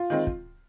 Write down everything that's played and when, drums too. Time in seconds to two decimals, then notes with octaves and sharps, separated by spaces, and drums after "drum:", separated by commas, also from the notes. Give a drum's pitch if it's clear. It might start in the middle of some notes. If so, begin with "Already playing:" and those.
Already playing: F4
0.10 D#3 G#3 C4
0.27 drum: kick